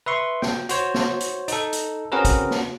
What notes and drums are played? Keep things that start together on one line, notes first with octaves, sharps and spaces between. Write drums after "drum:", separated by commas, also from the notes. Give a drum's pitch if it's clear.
B4 E5 C6 C#6
G5, drum: snare
F#4 C5 C#5, drum: hi-hat
drum: snare
drum: hi-hat
D#4 A4, drum: hi-hat
drum: hi-hat
C4 C#4 F#4 G#4 A#4 B4
drum: kick, hi-hat
drum: snare